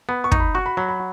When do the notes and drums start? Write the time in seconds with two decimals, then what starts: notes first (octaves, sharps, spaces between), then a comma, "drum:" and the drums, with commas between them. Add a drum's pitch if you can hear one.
0.09 B3 B5
0.24 C#6
0.32 D#4, drum: kick
0.40 B5
0.54 F#4 C#6
0.66 B5
0.77 F#3 B5
0.89 B5